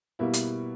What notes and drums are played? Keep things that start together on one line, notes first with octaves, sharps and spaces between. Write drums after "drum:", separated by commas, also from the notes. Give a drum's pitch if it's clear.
B2 G3 A#3 E4
drum: hi-hat